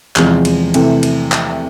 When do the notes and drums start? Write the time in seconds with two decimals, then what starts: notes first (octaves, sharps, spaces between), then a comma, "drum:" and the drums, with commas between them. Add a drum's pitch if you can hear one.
0.16 E2 C3 F3 G#3, drum: clap
0.45 drum: cymbal
0.74 C3 E3 A3, drum: cymbal
1.03 drum: cymbal
1.32 drum: clap